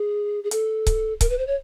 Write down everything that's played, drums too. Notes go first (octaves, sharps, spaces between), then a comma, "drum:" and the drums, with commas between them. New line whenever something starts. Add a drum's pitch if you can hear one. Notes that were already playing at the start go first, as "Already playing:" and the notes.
Already playing: G#4
G#4
A4, drum: hi-hat
drum: kick C#1, hi-hat
A#4, drum: kick C#1, hi-hat
B4
C5
C#5